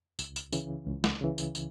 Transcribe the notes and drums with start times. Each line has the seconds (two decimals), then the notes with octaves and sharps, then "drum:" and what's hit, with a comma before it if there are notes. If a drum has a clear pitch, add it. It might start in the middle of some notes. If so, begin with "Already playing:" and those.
0.19 C#2, drum: tambourine
0.36 drum: tambourine
0.53 C#3 E3, drum: tambourine
0.86 C#2
1.04 drum: snare
1.21 C#3 E3
1.38 drum: tambourine
1.55 drum: tambourine